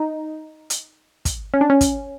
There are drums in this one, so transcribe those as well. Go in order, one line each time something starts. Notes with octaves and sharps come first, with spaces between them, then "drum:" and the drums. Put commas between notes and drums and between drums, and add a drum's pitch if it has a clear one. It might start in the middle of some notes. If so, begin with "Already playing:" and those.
Already playing: D#4
drum: hi-hat
drum: kick, hi-hat
C#4
D4
C#4
drum: kick, hi-hat